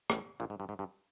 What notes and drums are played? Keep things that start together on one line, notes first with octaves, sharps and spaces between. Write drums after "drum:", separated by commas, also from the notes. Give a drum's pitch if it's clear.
A1 A2, drum: rim click
A#1 A#2
G#2
G2
G#2
G2